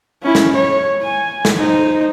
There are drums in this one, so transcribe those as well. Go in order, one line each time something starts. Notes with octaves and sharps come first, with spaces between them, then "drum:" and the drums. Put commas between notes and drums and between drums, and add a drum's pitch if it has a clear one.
C#4 E4
drum: snare
C#5
G#5
drum: snare
D#4 C5